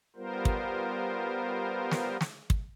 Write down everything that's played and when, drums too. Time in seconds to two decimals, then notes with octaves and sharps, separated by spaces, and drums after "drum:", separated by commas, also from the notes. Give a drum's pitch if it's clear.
0.16 G3 B3 F4 A#4 C5
0.45 drum: kick
1.91 drum: snare
2.21 drum: snare
2.50 drum: kick